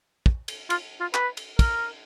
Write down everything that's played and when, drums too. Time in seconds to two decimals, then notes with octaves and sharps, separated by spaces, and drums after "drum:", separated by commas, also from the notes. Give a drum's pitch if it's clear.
0.26 drum: kick
0.48 drum: cymbal
0.70 F4, drum: cymbal
1.00 F4
1.14 B4, drum: clap
1.37 drum: cymbal
1.59 A#4, drum: kick, cymbal